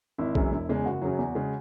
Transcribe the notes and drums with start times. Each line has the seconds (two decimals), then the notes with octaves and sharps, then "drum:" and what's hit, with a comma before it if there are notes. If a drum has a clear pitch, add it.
0.18 G#1 E4
0.35 F#2 E3 G#3, drum: kick
0.52 E1
0.69 E2 C#3 G#3
0.85 F#1 F#4
1.02 F#2 C#3 F#3
1.19 E2
1.35 C#3 G#3